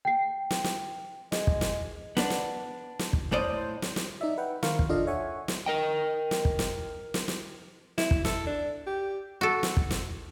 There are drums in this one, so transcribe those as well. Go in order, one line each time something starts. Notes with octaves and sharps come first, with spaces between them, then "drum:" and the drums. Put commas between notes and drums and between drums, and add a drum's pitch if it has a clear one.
G5 C7
drum: snare
drum: snare
G#3, drum: snare
drum: kick
drum: snare
B3 D4, drum: snare
drum: snare
drum: snare
drum: kick
A2 C5 D5 D#5
drum: snare
drum: snare
D#4 D5 E5
B4 F#5 G5
D#3 A#4 C5 F5 C#6, drum: snare
drum: kick
D4 F4 A4 D5 D#5 F5
C#5 E5 F#5 G#5 C#6
drum: snare
A#4 D#5 G5
drum: snare
drum: kick
drum: snare
drum: snare
drum: snare
E4, drum: snare
drum: kick
A4, drum: snare
D4
G4
F#4 A4
drum: snare
drum: kick
drum: snare